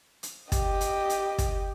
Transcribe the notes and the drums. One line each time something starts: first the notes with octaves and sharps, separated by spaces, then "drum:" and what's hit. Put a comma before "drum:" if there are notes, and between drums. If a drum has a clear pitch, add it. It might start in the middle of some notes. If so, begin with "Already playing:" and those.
drum: hi-hat
G4 D#5, drum: kick, hi-hat
drum: hi-hat
drum: hi-hat
drum: kick, hi-hat